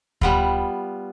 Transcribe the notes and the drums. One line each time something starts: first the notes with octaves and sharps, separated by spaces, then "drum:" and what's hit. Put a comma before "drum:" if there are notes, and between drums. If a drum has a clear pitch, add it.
G3 B3 F4, drum: kick D2